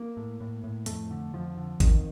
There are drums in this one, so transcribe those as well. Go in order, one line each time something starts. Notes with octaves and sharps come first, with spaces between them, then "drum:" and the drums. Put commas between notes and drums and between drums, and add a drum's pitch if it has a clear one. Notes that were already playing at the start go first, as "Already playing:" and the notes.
Already playing: A#3
A2
A2
A2
F2 A3, drum: hi-hat
D3
F2 F3
D3
F2 D#3, drum: kick G#1, hi-hat